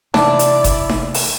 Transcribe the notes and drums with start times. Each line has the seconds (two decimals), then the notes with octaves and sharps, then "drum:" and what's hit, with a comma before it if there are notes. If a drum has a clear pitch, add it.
0.14 C3 E3 G#3 D4 E4 D5, drum: snare D#4
0.39 drum: hi-hat
0.64 drum: kick F#1, hi-hat
0.89 drum: snare D#4
1.15 drum: open hi-hat